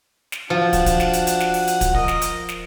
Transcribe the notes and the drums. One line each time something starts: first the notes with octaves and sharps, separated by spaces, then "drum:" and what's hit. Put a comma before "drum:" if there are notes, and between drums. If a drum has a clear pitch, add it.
drum: snare
F3 D4 F#4 F#5
drum: kick, hi-hat
drum: kick, hi-hat
drum: snare
drum: hi-hat
drum: hi-hat
drum: snare
drum: open hi-hat
drum: hi-hat
drum: kick, hi-hat
A#4 D#5, drum: kick
drum: snare
drum: hi-hat
drum: snare